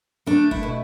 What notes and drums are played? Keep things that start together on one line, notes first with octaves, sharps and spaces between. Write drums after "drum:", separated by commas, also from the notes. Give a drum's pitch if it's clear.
A3 D4
E4, drum: kick
B2